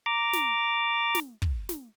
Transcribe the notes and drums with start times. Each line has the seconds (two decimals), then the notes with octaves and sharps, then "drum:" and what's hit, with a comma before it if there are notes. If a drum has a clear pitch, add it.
0.06 A#5 D6
0.33 drum: snare
1.15 drum: snare
1.42 drum: kick
1.69 drum: snare